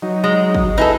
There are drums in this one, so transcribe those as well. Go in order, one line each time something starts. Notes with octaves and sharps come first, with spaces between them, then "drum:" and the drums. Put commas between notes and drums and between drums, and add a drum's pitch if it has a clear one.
F#3 D#4
G#3
drum: kick
D#4 E4 G#4 A4 B4